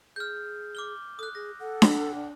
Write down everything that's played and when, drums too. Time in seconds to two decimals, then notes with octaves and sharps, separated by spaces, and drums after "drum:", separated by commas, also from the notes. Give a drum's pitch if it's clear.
0.16 G#4 F6 G6
0.75 D6 F6 G7
1.19 A4 D#6 F#6
1.35 G#4 A#6
1.60 A4 F#5
1.82 drum: snare D4
2.15 D4